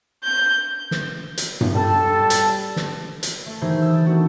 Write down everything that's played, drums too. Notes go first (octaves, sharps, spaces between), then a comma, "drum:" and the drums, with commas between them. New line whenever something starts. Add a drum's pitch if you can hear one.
G6
drum: snare
drum: hi-hat
drum: tom G2
G3 A4 A5
drum: hi-hat
drum: snare
drum: hi-hat
A3
D#3 E3 F#3 D#4 G4 C5
E6 G6
D5 D#6
D#3 A3 B3 D4 F#4